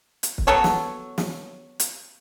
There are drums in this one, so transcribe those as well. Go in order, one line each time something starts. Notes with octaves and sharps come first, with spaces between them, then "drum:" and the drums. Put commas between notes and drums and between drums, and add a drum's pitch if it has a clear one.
drum: hi-hat
drum: kick
F#3 B3 A4 C#5
drum: snare
drum: snare
drum: hi-hat